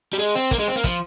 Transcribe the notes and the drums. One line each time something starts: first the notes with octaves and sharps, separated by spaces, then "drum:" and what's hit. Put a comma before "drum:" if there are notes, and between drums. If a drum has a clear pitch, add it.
G3
G#3
C4
A#3, drum: kick, hi-hat
G#3
C4
A#3
F3, drum: kick, hi-hat